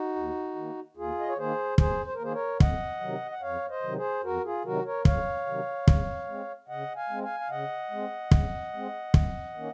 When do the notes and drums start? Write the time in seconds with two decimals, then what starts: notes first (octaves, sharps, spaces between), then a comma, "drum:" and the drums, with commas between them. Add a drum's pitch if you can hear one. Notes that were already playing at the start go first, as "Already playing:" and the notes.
Already playing: D#4 F#4
0.16 D#2
0.55 D#3 A#3
0.97 D#2 F4 G#4
1.20 D#5
1.28 C#5
1.38 D#3 A#3 G#4 C5
1.78 D#2 G#4 C5, drum: kick
2.05 C5
2.14 A#4
2.19 D#3 A#3 G#4 C5
2.33 A#4 C#5
2.60 F2 D#5 F#5, drum: kick
3.00 C3 D#3 F#3
3.31 F#5
3.41 F2 C#5 F5
3.69 C5 D#5
3.82 C3 D#3 F#3
3.96 G#4 C5
4.24 F2 F#4 A#4
4.44 F4 G#4
4.65 C3 D#3 F#3 F#4 A#4
4.85 A#4 C#5
5.05 F2 C#5 F5, drum: kick
5.46 C3 D#3 F#3
5.88 C#3, drum: kick
6.27 G#3 C4
6.68 C#3 D#5 F#5
6.96 F5 G#5
7.10 G#3 C4
7.23 F5 G#5
7.40 F5
7.50 C#3 D#5 F#5
7.91 G#3 C4
8.31 C#3, drum: kick
8.73 G#3 C4
9.14 F#2, drum: kick
9.54 D#3 A#3 C#4